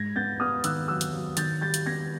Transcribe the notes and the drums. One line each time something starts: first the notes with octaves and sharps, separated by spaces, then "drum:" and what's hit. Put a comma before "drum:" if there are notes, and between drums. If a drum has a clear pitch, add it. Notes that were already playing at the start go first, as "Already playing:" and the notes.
Already playing: G#2 G#6 A#6
B3 G6 A6
B3 D#6 F6
D#3 E6 F#6, drum: hi-hat
F#3 E6 F#6
drum: hi-hat
F#3
D#3 G6 A6, drum: hi-hat
G3 G6 A6
drum: hi-hat
B3 G#6 A#6